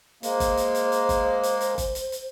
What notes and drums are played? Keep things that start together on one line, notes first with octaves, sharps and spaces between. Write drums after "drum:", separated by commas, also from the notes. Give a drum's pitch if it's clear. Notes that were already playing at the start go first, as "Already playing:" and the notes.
G#3 A#3 C5, drum: hi-hat
drum: kick F#1, hi-hat
drum: hi-hat
drum: hi-hat
drum: hi-hat
drum: kick F#1, hi-hat
drum: hi-hat
drum: hi-hat
drum: kick F#1, hi-hat
drum: hi-hat
drum: hi-hat